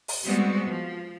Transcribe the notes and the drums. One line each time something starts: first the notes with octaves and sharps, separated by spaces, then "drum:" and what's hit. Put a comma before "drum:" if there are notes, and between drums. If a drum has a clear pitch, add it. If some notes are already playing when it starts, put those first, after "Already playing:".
drum: open hi-hat
G3 G#3 B3 C4 F#4
F3